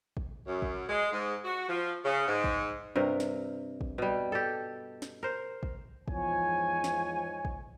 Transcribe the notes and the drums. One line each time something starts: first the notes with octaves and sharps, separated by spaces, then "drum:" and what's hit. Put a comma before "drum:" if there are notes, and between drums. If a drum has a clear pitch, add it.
drum: kick
F#2
drum: kick
G#3
G#2
F#4
F3
C#3
G#2
drum: kick
G2 C3 A#4
drum: snare
drum: kick
B2 G3
G4 A4
drum: snare
A#4 C5
drum: kick
E2 G#2 F3 C#5 G#5, drum: kick
drum: snare
drum: kick